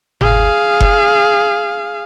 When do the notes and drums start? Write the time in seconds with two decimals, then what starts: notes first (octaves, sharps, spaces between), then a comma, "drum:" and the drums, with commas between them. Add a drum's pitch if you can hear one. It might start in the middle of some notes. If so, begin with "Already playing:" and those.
0.21 G#4 F5, drum: tom G1
0.80 drum: kick F#1